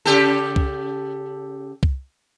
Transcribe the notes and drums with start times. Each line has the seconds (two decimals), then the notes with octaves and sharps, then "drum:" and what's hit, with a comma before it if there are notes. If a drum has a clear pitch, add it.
0.06 C#3 G4 A4
0.56 drum: kick C2
1.83 drum: kick C2